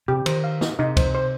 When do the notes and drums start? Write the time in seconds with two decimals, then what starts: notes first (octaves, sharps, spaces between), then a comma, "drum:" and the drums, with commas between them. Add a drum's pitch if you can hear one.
0.08 C3 G4
0.26 D#3 C5, drum: cymbal
0.44 F5
0.61 D#4, drum: snare
0.79 C3 D#4
0.97 C5, drum: kick C#2, cymbal
1.15 C5